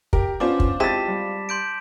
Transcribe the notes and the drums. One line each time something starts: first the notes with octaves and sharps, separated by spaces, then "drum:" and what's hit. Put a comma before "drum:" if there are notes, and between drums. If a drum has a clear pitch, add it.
G4 A#4, drum: kick
B3 C#4 D4 F4 C5 D6
drum: kick
G#3 C4 E4 G4 A5 A6 B6 E7
G3
C6 G6 D7